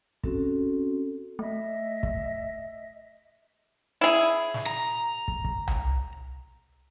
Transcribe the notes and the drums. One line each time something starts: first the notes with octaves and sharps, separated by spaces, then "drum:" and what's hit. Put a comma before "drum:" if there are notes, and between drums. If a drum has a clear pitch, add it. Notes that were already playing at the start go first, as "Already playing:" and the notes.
C4 C#4 F#4 A4, drum: kick
A3 D#5 E5
drum: kick
E4 G#4
drum: snare
A#5
drum: kick
drum: kick
drum: tom C2